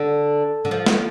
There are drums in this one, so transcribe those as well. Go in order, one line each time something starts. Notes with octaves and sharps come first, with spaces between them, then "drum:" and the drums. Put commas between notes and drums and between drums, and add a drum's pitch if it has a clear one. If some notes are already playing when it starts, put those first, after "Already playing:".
Already playing: D3
D3
F3
drum: snare